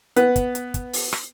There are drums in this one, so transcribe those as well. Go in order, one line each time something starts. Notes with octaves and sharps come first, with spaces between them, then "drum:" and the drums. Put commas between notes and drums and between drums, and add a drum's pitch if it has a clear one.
B3, drum: hi-hat
drum: kick, hi-hat
drum: hi-hat
drum: kick, hi-hat
drum: open hi-hat
drum: rim click